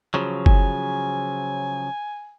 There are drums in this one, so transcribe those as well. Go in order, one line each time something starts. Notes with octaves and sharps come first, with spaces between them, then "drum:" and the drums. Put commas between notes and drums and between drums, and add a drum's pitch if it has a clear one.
C#3 F3 F#3
G#5, drum: kick F#1